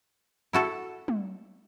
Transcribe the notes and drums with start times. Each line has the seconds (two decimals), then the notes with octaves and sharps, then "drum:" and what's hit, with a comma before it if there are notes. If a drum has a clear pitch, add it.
0.53 E4 F#4 A4
1.08 drum: tom